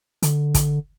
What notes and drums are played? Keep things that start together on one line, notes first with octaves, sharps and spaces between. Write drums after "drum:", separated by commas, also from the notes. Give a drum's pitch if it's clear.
D3, drum: hi-hat
drum: kick, hi-hat